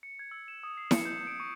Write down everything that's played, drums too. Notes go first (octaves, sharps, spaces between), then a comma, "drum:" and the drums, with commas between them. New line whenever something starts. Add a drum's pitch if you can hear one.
C#7
G#6
E6
E7
D#6
C7
C#7, drum: snare E4
G6
D7
C#6